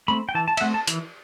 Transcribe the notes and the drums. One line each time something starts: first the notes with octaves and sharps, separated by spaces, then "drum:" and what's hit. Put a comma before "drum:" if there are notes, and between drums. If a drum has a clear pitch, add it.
A3 C4 B5
G5
E3 A5
A5
E5, drum: cymbal
A3 C4 F#5
A5
E3, drum: hi-hat